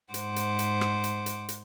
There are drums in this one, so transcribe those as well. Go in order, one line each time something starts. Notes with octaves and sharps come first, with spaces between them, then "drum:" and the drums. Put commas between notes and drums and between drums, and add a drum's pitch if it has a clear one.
G#2 C5 F#5 D6, drum: hi-hat
drum: hi-hat
drum: hi-hat
drum: rim click
drum: hi-hat
drum: hi-hat
drum: hi-hat